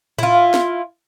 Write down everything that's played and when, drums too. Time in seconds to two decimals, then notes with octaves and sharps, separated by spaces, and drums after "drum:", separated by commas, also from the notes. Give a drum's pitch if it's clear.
0.19 E4 F4, drum: tom A2
0.54 drum: snare